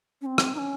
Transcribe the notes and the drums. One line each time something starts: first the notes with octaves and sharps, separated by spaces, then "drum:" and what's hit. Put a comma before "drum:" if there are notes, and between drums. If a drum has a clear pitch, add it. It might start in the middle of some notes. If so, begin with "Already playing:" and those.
C#4
C4
drum: rim click
D#4
C#4